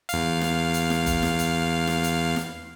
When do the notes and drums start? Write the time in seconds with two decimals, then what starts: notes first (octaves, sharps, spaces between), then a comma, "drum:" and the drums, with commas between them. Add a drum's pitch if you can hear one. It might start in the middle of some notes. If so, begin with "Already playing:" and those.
0.09 E2 F5, drum: hi-hat
0.41 drum: snare
0.74 drum: hi-hat
0.90 drum: snare
1.06 drum: kick F#1, hi-hat
1.23 drum: snare
1.39 drum: hi-hat
1.87 drum: snare
2.04 drum: hi-hat
2.36 drum: snare